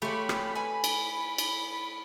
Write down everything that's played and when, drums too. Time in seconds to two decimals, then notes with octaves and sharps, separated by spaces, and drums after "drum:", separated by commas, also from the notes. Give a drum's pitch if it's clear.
0.02 A3 C#4 F4 G4 B5
0.29 drum: rim click
0.55 B4 G#5
0.84 drum: cymbal
1.38 drum: cymbal